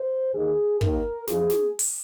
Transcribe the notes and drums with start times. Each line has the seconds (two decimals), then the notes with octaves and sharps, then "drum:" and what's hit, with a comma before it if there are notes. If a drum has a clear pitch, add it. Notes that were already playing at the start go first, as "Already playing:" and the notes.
Already playing: C5
0.34 D#2 D#3 G#4
0.81 D#2 D#3 A#4, drum: kick
1.27 F2 F3 G#4, drum: snare
1.50 drum: snare
1.79 drum: open hi-hat